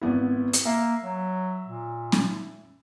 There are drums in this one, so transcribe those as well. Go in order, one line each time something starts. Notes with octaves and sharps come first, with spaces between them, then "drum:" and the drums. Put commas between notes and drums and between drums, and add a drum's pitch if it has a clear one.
G#1 B3 E4
drum: hi-hat
A#3 E5
F#3
A#2
drum: snare C#4